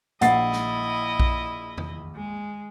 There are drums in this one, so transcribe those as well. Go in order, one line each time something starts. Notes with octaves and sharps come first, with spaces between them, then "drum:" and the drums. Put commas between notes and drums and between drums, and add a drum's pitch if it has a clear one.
A#1 E4 D#5 E5 F#5 A6 C7, drum: hi-hat
drum: snare
drum: kick A#1
drum: tom E2
G#3